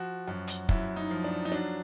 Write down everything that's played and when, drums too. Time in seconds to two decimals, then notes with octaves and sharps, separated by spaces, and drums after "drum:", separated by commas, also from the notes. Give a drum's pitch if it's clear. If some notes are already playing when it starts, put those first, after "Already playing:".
Already playing: F3 F#4
0.28 F#2
0.47 drum: hi-hat
0.69 F#2 E4, drum: kick
0.96 D#4
1.11 F3
1.24 D4
1.45 D#4
1.51 F#3 D4